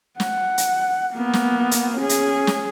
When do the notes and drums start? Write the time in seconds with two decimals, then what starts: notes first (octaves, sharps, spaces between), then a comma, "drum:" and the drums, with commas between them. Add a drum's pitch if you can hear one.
0.20 F#5, drum: snare
0.58 drum: hi-hat
1.14 A#3 B3
1.33 drum: snare
1.71 drum: hi-hat
1.97 C#4 G#4
2.09 drum: hi-hat
2.47 drum: snare